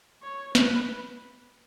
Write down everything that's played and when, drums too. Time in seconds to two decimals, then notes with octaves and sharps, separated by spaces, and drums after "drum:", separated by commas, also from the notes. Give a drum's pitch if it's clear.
0.22 C#5
0.55 B4, drum: snare